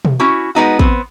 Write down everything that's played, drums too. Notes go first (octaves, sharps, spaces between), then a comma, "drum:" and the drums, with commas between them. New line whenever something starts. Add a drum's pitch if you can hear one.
drum: tom B2
C#4 E4 F#4
G#3 B3 D#4 F#4
B3 C4, drum: kick